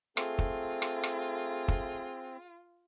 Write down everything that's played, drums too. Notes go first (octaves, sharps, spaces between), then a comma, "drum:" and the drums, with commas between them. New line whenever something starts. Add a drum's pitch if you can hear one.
A3 C4 F4 G#4, drum: rim click
drum: kick
drum: rim click
drum: rim click
drum: kick